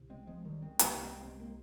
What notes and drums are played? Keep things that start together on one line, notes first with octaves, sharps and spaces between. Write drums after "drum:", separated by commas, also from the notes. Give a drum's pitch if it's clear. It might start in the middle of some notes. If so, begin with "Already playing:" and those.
Already playing: C2 C3
G#3 C4
F3 G#3
D#3 G3
G#3 C4
C2 C3 G3 A#3, drum: hi-hat
G#3 C4
G#3 C4
A#3